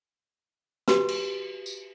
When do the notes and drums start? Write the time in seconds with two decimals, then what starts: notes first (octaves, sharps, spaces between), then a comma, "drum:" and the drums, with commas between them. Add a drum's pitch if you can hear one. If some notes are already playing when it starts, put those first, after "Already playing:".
0.88 F#4 G4 B4, drum: snare
1.08 drum: cymbal
1.66 drum: tambourine